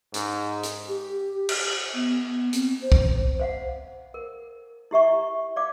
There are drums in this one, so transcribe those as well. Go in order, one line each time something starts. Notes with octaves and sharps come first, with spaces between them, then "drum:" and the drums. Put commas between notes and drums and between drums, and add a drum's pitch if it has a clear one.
G#2, drum: hi-hat
drum: hi-hat
G4
drum: cymbal
B3
C4, drum: hi-hat
C5
drum: kick B1
C5 F5 F#5
A#4
E4 G4 E5 C#6
D5 F5 D6